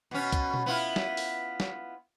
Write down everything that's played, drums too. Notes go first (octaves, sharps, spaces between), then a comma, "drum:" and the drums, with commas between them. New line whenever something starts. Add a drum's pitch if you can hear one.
B2 C#4
drum: kick C2, hi-hat
drum: tom B2
B3 E4 F4
drum: snare
drum: open hi-hat
drum: snare